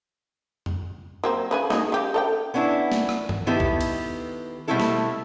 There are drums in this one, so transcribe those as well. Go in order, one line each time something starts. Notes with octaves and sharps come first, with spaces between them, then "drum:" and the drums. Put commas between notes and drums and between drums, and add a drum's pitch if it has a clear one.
drum: tom F2
F#3 A#3 C4
C#3 B4 G#5
D#4 F#4 G#4, drum: snare
C#3 G4
A4 F5 G5
B3 C#4 D4 E4
drum: snare
drum: rim click
drum: tom G2
D#3 B3 E4 G4 A4
drum: kick B1
drum: cymbal
B2 G3 A3 C4 E4 A4
drum: snare